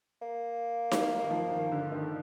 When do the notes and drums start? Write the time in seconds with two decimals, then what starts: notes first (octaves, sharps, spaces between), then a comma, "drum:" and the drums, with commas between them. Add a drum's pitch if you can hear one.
0.22 A#3
0.91 drum: snare D#4
1.24 D#3
1.31 F3
1.51 D#3
1.72 D3
1.92 D#3